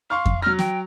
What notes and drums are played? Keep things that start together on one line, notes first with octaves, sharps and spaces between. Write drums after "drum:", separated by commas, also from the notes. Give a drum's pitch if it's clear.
F5 C6 C#6 F6
drum: kick F2
F#3 F6 A#6
G5, drum: snare